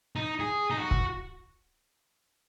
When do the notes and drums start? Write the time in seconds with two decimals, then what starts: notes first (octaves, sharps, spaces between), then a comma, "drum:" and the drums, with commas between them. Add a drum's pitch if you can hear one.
0.16 D#4
0.40 G#4
0.70 D#4
0.78 F#4
0.91 drum: kick